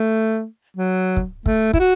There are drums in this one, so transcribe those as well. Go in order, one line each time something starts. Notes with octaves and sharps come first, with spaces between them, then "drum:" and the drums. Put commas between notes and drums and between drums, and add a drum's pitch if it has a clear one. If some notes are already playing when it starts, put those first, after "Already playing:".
Already playing: A3
F#3
drum: kick
A3, drum: kick
E4, drum: kick
F#4